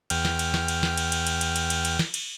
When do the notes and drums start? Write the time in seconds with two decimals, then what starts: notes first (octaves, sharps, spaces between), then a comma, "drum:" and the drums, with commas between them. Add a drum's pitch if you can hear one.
0.10 E2 G5 F6, drum: cymbal
0.25 drum: snare
0.39 drum: cymbal
0.54 drum: snare
0.68 drum: cymbal
0.83 drum: snare
0.97 drum: cymbal
1.12 drum: cymbal
1.27 drum: cymbal
1.41 drum: cymbal
1.56 drum: cymbal
1.70 drum: cymbal
1.85 drum: cymbal
1.99 drum: snare
2.14 drum: cymbal